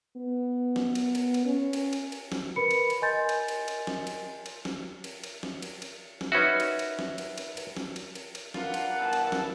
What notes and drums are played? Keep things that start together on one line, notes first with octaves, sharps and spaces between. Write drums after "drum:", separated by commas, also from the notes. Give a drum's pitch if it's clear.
B3
drum: snare
drum: cymbal
drum: cymbal
drum: cymbal
C#4
drum: cymbal
drum: cymbal
drum: cymbal
drum: snare
A#4 B4 B5 C#7
drum: cymbal
drum: cymbal
A#4 D#5 G#5 C6 G6 A6
drum: cymbal
drum: cymbal
drum: cymbal
drum: snare
drum: cymbal
drum: cymbal
drum: snare
drum: cymbal
drum: cymbal
drum: snare
drum: cymbal
drum: cymbal
drum: snare
C#4 D#4 F#4 B4 E5
drum: cymbal
drum: cymbal
drum: snare
drum: cymbal
drum: cymbal
drum: cymbal
drum: snare
drum: cymbal
drum: cymbal
drum: cymbal
D4 F4 A#4 B4 F#5, drum: snare
drum: cymbal
G2 E3 B3 A5
drum: cymbal
drum: snare